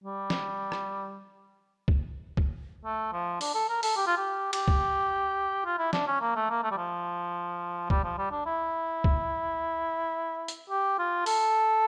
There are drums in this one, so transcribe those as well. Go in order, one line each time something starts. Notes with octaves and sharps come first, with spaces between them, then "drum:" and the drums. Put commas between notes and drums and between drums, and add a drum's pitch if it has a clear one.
G3
drum: snare
drum: rim click
drum: kick C#2
drum: kick C#2
A3
F3
D4, drum: open hi-hat
A4
A#4
A4, drum: open hi-hat
G4
F4
G4
G4, drum: cymbal
drum: kick C#2
F4
E4
D4, drum: snare
C#4
A#3
A3
A#3
A3
G3
F3
G3, drum: kick C#2
F3
G3
D4
E4
drum: kick C#2
drum: hi-hat
G4
F4
A4, drum: open hi-hat